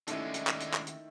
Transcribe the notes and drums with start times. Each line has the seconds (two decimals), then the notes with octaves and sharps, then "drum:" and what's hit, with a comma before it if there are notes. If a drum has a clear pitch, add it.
0.07 D#2 D3 D#3 G#3 A3 C#4 E4 A4, drum: hi-hat
0.34 drum: hi-hat
0.47 drum: clap
0.60 drum: hi-hat
0.74 drum: clap
0.87 drum: hi-hat